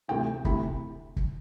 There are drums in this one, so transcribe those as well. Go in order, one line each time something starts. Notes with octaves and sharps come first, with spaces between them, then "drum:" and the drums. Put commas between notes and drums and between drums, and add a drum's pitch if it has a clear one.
D2 C3 E3 G5
D2 C3 E3 B5, drum: kick
drum: kick